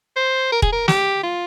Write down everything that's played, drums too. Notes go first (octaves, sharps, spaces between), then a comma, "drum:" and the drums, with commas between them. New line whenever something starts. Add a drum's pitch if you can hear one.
C5
A#4
G#4, drum: kick
A#4
G4, drum: snare
F4